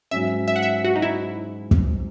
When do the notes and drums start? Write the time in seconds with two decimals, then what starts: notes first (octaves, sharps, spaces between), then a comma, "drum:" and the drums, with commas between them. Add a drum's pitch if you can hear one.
0.11 G#2 F#3 C#4 E5
0.48 E5
0.56 F#5
0.63 E5
0.84 F#4
0.95 D#4
1.02 E4
1.71 drum: kick